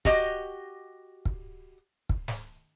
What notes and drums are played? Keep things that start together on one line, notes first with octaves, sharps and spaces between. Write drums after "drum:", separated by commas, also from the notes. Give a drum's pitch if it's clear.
F#4 G4 D#5, drum: kick
drum: kick
drum: kick
drum: snare